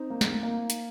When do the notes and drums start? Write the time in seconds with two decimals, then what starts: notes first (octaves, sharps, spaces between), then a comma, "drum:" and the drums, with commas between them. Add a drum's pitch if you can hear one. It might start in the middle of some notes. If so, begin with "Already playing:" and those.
Already playing: C4 D#4
0.10 A#3
0.21 drum: snare
0.43 A#3
0.70 drum: hi-hat